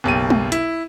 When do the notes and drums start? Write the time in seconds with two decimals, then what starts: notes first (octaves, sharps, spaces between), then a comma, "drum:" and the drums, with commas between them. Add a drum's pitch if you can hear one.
0.04 F#1 B1 G4 D#7
0.30 drum: tom
0.52 E4, drum: hi-hat